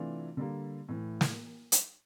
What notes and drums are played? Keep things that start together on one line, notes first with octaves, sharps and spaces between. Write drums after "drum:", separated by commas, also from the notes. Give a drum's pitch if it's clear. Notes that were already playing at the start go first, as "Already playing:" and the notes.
Already playing: C3 E3 A3 D4 F4
D3 G3 A#3
A2 E3
drum: snare
drum: hi-hat